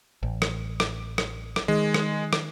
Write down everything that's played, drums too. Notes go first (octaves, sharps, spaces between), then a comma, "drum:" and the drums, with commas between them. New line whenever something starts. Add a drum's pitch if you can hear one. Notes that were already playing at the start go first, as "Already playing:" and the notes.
A1
drum: rim click
drum: rim click
drum: rim click
drum: rim click
D#3 G#3
drum: rim click
drum: rim click